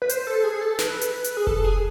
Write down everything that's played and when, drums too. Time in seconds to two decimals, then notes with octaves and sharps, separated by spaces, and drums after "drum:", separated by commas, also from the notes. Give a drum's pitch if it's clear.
0.02 B4
0.09 C5, drum: hi-hat
0.27 A4
0.44 G#4
0.61 A4
0.79 B4, drum: snare
1.01 drum: hi-hat
1.24 drum: hi-hat
1.37 G#4
1.47 A4, drum: kick F1
1.64 G#4